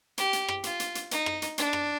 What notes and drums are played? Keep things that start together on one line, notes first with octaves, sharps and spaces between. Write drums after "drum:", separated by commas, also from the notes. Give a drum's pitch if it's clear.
G4, drum: hi-hat
drum: hi-hat
drum: rim click
F4, drum: hi-hat
drum: hi-hat
drum: hi-hat
D#4, drum: hi-hat
drum: rim click
drum: hi-hat
D4, drum: hi-hat
drum: rim click